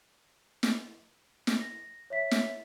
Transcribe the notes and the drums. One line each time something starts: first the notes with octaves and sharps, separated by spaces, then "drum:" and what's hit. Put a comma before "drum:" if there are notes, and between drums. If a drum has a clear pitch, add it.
drum: snare
drum: snare
A#6
C#5 E5 B6
drum: snare